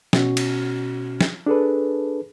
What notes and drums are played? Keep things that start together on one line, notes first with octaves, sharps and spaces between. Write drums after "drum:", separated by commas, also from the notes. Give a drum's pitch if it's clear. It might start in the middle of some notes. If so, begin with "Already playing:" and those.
B2 C#4 F#4, drum: snare
drum: cymbal
drum: snare
D4 G#4 A4 B4